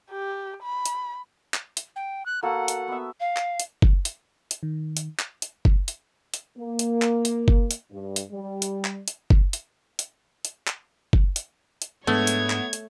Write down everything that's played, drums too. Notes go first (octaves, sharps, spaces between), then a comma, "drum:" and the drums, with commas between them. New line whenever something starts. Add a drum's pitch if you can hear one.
G4
B5
drum: hi-hat
drum: clap
drum: hi-hat
G5
F#6
A#3 F#4 A4 F#5
drum: hi-hat
B3 E5
F5
drum: clap
drum: hi-hat
drum: kick F#1
drum: hi-hat
drum: hi-hat
D#3
drum: hi-hat
drum: clap
drum: hi-hat
drum: kick F#1
drum: hi-hat
drum: hi-hat
A#3
drum: hi-hat
drum: clap
drum: hi-hat
drum: kick F#1
drum: hi-hat
G2
drum: hi-hat
G3
drum: hi-hat
drum: clap
drum: hi-hat
drum: kick F#1
drum: hi-hat
drum: hi-hat
drum: hi-hat
drum: clap
drum: kick F#1
drum: hi-hat
drum: hi-hat
G#2 G#3 A3 B3 D4 C#5 G#6
drum: hi-hat
drum: clap
drum: hi-hat